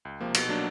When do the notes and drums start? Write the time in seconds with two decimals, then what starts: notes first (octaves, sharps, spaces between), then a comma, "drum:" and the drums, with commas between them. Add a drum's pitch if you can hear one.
0.05 C#2
0.21 C3 F3 A#3
0.34 B2, drum: cymbal
0.49 F#3 A#3 D4